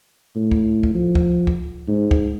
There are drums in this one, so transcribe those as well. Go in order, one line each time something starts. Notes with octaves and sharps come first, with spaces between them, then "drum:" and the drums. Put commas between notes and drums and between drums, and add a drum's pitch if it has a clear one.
A2
drum: kick C#2
drum: kick C#2
F3
drum: kick C#2
drum: kick C#2
G#2
drum: kick C#2